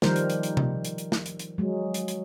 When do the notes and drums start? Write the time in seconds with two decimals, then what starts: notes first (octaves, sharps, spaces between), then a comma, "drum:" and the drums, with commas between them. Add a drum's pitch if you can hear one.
0.02 D#3 F3 G3 A#4 C5, drum: snare
0.16 drum: hi-hat
0.30 drum: hi-hat
0.43 drum: hi-hat
0.57 drum: tom C3
0.85 drum: hi-hat
0.98 drum: hi-hat
1.12 drum: snare
1.26 drum: hi-hat
1.39 drum: hi-hat
1.58 F#3 G#3
1.94 drum: hi-hat
2.08 drum: hi-hat